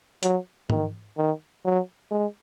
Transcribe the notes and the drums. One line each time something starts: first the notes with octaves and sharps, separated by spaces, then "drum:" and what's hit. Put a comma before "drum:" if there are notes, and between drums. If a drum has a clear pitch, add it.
F#3, drum: hi-hat
D#3, drum: tom G#2
D#3
F#3
G#3